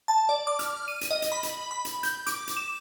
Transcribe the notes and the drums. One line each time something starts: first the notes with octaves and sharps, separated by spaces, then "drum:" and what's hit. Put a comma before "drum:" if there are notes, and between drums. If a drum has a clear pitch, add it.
A5
D5
D6
F6, drum: hi-hat
D#7
drum: hi-hat
D#5
drum: hi-hat
B5
drum: hi-hat
B5
drum: hi-hat
G6, drum: hi-hat
D6, drum: hi-hat
drum: hi-hat
E7